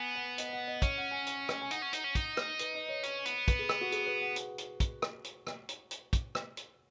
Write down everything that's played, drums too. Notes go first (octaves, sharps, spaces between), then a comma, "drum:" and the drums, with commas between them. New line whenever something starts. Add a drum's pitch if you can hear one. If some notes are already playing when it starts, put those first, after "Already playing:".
Already playing: B3 G#5
F#5
D#5, drum: hi-hat
F#5
D#5
C#4 C#5, drum: kick, hi-hat
F#5
G#5
drum: hi-hat
drum: rim click
G#5
D#4 F#5, drum: hi-hat
C#4
D#4, drum: hi-hat
C#4
D#4, drum: kick, hi-hat
drum: rim click
B4, drum: hi-hat
D#5
C#5
C#4, drum: hi-hat
B3, drum: hi-hat
B4, drum: kick, hi-hat
G#4
G#4, drum: rim click
F#4
G#4, drum: hi-hat
B4
F#5
drum: hi-hat
drum: hi-hat
drum: kick, hi-hat
drum: rim click
drum: hi-hat
drum: rim click
drum: hi-hat
drum: hi-hat
drum: kick, hi-hat
drum: rim click
drum: hi-hat